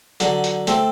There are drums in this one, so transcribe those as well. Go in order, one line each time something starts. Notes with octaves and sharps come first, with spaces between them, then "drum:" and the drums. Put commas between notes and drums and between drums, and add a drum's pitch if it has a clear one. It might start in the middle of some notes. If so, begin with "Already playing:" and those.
D3 F#3, drum: hi-hat
drum: hi-hat
A3 C4, drum: hi-hat